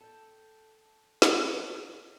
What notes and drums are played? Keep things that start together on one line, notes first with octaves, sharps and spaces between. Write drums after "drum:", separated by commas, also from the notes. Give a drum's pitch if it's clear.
A4 G5
drum: snare